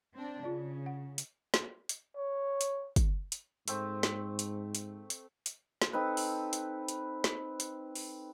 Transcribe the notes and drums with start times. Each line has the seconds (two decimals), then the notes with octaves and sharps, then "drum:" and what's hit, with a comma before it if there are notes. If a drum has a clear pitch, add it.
0.15 C4 D4
0.43 C#3 F4 D5
0.86 F#5
1.18 drum: hi-hat
1.54 drum: snare
1.89 drum: hi-hat
2.16 C#5
2.61 drum: hi-hat
2.96 drum: kick, hi-hat
3.32 drum: hi-hat
3.68 G#2 A3 C4, drum: hi-hat
4.03 drum: snare
4.39 drum: hi-hat
4.75 drum: hi-hat
5.10 drum: hi-hat
5.46 drum: hi-hat
5.82 drum: snare
5.93 C4 D#4 A4 B4
6.17 drum: open hi-hat
6.53 drum: hi-hat
6.88 drum: hi-hat
7.24 drum: snare
7.60 drum: hi-hat
7.95 drum: open hi-hat